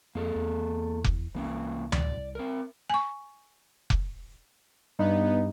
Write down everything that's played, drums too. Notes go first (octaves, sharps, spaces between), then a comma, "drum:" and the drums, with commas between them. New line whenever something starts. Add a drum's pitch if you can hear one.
F2 A#3 G#4 A4
E2
drum: kick F1
C2 E3 A#3 C#4
D5, drum: tom D2
C4 A#4
G#5 C#6
drum: kick F1
G2 B3 D#4